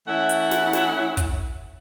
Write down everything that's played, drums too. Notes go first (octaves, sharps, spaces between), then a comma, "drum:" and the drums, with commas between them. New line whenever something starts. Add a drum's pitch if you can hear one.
E3 A3 C#4 E4 E5 F#5
drum: hi-hat
drum: snare
drum: snare
drum: kick, hi-hat